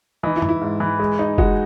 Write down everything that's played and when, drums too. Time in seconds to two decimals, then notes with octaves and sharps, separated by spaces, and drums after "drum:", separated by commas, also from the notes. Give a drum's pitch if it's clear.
0.23 E3 D#4
0.36 E4
0.42 E3, drum: tom F2
0.49 E4
0.61 G#2
0.80 E3
0.99 G#3
1.19 D#4
1.38 G#3 F#4, drum: kick F#1